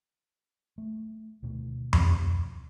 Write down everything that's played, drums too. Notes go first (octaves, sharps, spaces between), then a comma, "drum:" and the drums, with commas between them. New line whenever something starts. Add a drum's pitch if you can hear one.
A3
D2 B2 D#3 A3
drum: tom F2